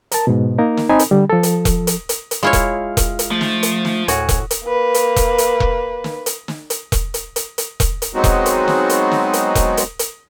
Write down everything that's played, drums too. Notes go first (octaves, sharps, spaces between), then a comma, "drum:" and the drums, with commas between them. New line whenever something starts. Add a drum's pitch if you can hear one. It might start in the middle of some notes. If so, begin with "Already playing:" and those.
A#4 A5, drum: hi-hat
G#2 B2
A#3 D#4 A#4
drum: snare
C4 D#4 G#5 B5
drum: hi-hat
D3 G3
F3 A4
drum: hi-hat
drum: kick E1, hi-hat
drum: hi-hat
drum: hi-hat
drum: hi-hat
G#3 E4 F4 C#5 F5 F6
drum: kick E1, hi-hat
drum: kick E1, hi-hat
drum: hi-hat
F3 A3
drum: snare
drum: hi-hat
drum: snare
D2 A2 F#4 G#5, drum: hi-hat
drum: kick E1, hi-hat
drum: hi-hat
A#3 B4
drum: hi-hat
drum: kick E1, hi-hat
drum: hi-hat
drum: kick E1
drum: snare
drum: hi-hat
drum: snare
drum: hi-hat
drum: kick E1, hi-hat
drum: hi-hat
drum: hi-hat
drum: hi-hat
drum: kick E1, hi-hat
drum: hi-hat
F#3 G#3 B3 C4 D#4 F#4
drum: kick E1, hi-hat
drum: hi-hat
drum: snare
drum: hi-hat
drum: snare
drum: hi-hat
drum: kick E1, hi-hat
drum: hi-hat
drum: hi-hat